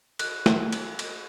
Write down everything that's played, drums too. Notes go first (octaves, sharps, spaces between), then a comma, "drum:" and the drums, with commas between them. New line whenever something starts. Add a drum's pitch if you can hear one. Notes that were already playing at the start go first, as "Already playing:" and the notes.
F#6, drum: cymbal
drum: snare
drum: cymbal
drum: cymbal